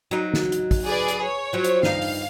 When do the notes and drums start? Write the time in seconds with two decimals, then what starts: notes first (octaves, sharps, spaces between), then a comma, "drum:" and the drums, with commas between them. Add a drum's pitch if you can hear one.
0.11 F#3 D#4
0.34 drum: snare
0.52 drum: hi-hat
0.71 drum: kick, open hi-hat
0.86 G#4 B4 D5
1.08 drum: hi-hat
1.23 C#5
1.53 F3 F#3
1.64 drum: hi-hat
1.83 G2 D#4 F5, drum: snare
2.02 drum: open hi-hat